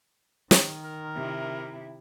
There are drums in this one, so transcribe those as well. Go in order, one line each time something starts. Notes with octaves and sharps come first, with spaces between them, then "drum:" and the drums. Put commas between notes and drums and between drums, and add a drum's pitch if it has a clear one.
D#3, drum: snare
A#4
C3 E4